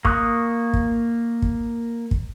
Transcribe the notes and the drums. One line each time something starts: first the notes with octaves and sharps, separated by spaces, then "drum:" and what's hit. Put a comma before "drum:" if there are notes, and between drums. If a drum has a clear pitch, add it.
A#3 C#6 D#6 F#6, drum: kick
drum: kick
drum: kick
drum: kick